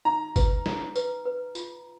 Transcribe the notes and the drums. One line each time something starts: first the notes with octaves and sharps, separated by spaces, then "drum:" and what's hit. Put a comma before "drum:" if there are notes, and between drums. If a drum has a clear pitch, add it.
D#4 A#5
B4, drum: kick G1, tambourine
D#4, drum: snare
B4, drum: tambourine
B4
F4, drum: tambourine